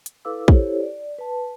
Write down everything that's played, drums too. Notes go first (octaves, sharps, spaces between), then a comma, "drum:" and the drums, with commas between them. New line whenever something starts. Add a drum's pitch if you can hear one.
drum: hi-hat
E4 A4 B4 F5 D6 E6
E4 G4 A4 C5 C#5, drum: kick
D5
B4 A5